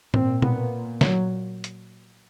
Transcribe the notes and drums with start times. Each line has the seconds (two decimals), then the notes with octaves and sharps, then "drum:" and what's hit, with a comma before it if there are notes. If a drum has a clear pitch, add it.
0.14 A#2 C4, drum: tom G#2
0.42 B3, drum: tom B2
1.01 F#3, drum: snare
1.64 drum: hi-hat